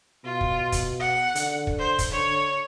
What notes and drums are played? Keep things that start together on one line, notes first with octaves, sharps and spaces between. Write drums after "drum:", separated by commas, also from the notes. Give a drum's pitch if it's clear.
B2 F4
drum: kick
drum: kick, hi-hat
F#5
D3, drum: hi-hat
drum: kick
C5
drum: kick, hi-hat
D3 C#5